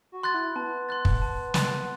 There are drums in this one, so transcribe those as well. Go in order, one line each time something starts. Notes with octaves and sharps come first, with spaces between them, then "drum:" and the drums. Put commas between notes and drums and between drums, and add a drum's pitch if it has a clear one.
F#4
C6 F#6 A6
E4
B3 A5
C6 F#6 A6
drum: kick
A5
C6 F#6 A6, drum: snare